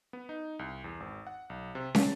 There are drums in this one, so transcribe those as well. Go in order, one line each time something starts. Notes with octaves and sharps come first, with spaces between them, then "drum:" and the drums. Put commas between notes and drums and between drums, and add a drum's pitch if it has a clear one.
B3
D#4
C2
E2
G#1
F#5
B1
C3
A5, drum: snare